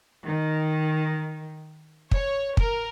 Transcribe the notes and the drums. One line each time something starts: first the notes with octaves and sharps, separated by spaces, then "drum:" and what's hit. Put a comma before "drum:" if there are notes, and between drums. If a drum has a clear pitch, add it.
D#3
C#5, drum: kick
A#4, drum: kick